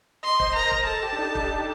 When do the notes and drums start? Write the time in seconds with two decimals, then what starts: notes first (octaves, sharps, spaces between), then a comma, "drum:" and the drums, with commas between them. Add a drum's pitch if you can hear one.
0.23 D#5 C6
0.40 C5, drum: kick E1
0.55 A#4 A#5
0.63 C5
0.71 A#4, drum: kick E1
0.87 A4 A5
1.03 G4
1.13 D4
1.19 D#4
1.35 D4, drum: kick E1